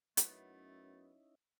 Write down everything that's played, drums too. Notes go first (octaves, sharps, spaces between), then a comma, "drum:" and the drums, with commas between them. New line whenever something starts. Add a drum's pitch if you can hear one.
F#2 A3 B3 C#4 D#4 E4, drum: hi-hat